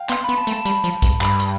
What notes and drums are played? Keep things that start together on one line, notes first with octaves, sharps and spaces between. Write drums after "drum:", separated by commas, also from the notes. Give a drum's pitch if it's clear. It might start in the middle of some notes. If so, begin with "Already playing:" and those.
Already playing: F5 G5
B3 C6, drum: clap
B3 B5
A5
A3, drum: hi-hat
A5
G3 B5, drum: hi-hat
F3, drum: hi-hat
G2, drum: kick, hi-hat
G2 B5, drum: clap
drum: hi-hat